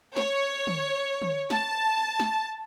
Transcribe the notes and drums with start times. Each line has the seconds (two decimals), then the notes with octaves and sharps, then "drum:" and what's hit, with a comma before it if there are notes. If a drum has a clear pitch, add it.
0.16 C#5, drum: snare
0.67 drum: tom
1.22 drum: tom
1.50 A5, drum: snare
2.20 drum: snare